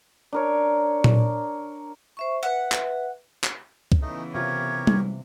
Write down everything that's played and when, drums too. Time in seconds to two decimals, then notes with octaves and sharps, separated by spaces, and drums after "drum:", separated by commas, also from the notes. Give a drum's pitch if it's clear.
0.33 D4 A#4 C#5
1.04 drum: tom A#2
2.17 C5 E5 C#6
2.43 B4 E5 F#5
2.72 drum: clap
3.44 drum: clap
3.92 drum: kick C#2
4.02 C#3 E3 A3 B3 D#4
4.34 C3 F4 G4 A#4 C#5 G#6
4.87 drum: tom G3